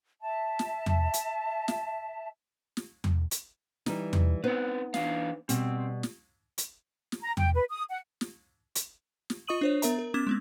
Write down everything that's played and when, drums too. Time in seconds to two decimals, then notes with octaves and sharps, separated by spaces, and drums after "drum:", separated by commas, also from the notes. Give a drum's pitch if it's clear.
0.21 E5 A5
0.59 drum: snare
0.86 drum: tom E2
1.14 drum: hi-hat
1.68 drum: snare
2.77 drum: snare
3.04 drum: tom E2
3.31 drum: hi-hat
3.86 E3 G3 D#4, drum: snare
4.13 drum: tom E2
4.44 B3 C4 D#4 B4 C5
4.94 E3 D4 F5, drum: snare
5.49 B2 G3 C4, drum: hi-hat
6.03 drum: snare
6.58 drum: hi-hat
7.12 drum: snare
7.22 A#5
7.37 G5, drum: tom E2
7.55 B4
7.70 D#6
7.90 F#5
8.21 drum: snare
8.75 drum: hi-hat
9.30 drum: snare
9.47 F4 D#5 C#6 D#6 D#7 F#7
9.61 D4 C5 C#5
9.82 B3 A#4 E5 A#5, drum: hi-hat
9.99 A#4
10.14 B3 C#4 D6 G#6 E7
10.27 G#3 B3 C4